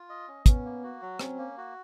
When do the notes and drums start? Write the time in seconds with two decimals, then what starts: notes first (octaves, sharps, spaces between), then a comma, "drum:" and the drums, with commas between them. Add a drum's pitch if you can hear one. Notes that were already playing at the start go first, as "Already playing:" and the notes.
Already playing: F4
0.09 D#5
0.28 C#4
0.46 B3 C#4, drum: kick, hi-hat
0.65 A#3
0.83 F#4
1.02 F#3
1.19 C4 C#4, drum: rim click
1.38 A#3
1.58 F#4